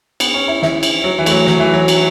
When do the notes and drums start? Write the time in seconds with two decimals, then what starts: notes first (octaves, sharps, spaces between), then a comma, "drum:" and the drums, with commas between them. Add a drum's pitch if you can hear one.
0.20 B3, drum: cymbal
0.34 C#4
0.48 E4
0.62 E4, drum: snare
0.83 drum: cymbal
1.04 F#3
1.18 E3
1.26 A3, drum: cymbal
1.31 F#3
1.47 F#3, drum: snare
1.59 E3
1.74 F#3
1.88 drum: cymbal